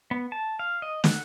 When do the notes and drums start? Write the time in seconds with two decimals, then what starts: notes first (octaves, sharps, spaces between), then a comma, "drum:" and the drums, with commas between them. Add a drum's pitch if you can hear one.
0.11 B3
0.32 A5
0.59 F5
0.82 D#5
1.04 F#5, drum: snare